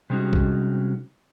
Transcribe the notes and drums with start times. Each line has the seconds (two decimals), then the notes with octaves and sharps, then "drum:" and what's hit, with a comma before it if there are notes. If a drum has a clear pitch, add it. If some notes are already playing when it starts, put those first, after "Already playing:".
0.10 C3 G3 G#3 C#4 D#4 F#4
0.33 drum: kick B1